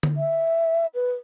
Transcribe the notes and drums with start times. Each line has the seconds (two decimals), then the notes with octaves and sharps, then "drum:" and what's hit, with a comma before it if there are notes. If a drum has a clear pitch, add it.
0.03 drum: tom D3
0.17 E5
0.95 B4